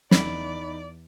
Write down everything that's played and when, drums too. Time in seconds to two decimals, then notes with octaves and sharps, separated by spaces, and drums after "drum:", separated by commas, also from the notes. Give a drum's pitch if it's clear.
0.11 E2 D#4 D5 B5, drum: snare